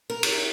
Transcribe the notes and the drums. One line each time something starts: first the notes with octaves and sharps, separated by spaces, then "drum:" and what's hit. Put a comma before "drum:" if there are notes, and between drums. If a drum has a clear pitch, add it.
A#4
drum: cymbal